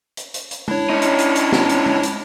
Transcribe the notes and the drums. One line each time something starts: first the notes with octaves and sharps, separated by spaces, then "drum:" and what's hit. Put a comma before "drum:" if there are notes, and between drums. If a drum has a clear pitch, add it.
drum: hi-hat
drum: hi-hat
drum: hi-hat
D4 E4 C#5, drum: tom G#3
C#4 D#4
drum: hi-hat
drum: hi-hat
drum: hi-hat
drum: snare
drum: hi-hat
drum: tom G#3
drum: hi-hat